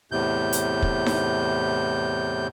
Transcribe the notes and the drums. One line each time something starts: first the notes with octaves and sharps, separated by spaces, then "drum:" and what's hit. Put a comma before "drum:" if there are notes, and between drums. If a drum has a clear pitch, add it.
E2 A2 C3 G6
drum: hi-hat
drum: kick
drum: snare D#4